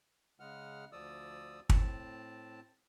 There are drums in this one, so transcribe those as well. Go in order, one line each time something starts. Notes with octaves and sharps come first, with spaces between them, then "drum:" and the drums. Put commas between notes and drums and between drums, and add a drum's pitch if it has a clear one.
C#3 G#3 F#5 F6
D2 F3 D5 D#6 E6
A2 C4 A5, drum: kick